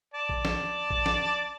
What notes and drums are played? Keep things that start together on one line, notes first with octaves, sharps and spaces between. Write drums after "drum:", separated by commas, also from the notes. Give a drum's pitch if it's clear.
D5 A5
drum: kick A1
drum: snare
drum: kick A1
drum: snare